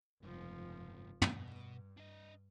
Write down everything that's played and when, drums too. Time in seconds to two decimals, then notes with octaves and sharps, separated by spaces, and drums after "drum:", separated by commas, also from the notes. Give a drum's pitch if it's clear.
0.23 F1 C#2 G2 F3
1.22 G2 B2, drum: tom
1.97 D4 D#5